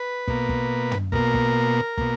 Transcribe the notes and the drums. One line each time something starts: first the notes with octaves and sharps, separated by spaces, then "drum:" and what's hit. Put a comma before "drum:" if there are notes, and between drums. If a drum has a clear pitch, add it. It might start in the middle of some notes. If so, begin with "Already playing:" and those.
Already playing: B4
B2 A#3, drum: kick
drum: kick
drum: tom
B2 A#3 A#4, drum: kick
drum: kick
B2 A#3, drum: kick